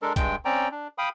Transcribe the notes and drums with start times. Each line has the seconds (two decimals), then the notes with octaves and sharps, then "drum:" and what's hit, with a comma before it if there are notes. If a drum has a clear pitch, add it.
0.02 G#3 D4 A4 A#4
0.16 G2 G#3 G5, drum: kick, hi-hat
0.45 C4 C#4 D5 G5 A#5
0.71 D4
0.98 F5 G5 B5 D#6